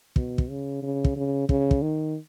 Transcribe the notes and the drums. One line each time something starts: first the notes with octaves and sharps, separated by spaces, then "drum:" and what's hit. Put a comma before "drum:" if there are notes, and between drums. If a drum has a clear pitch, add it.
B2, drum: kick
drum: kick
C#3
C#3
drum: kick
C#3
C#3, drum: kick
drum: kick
D#3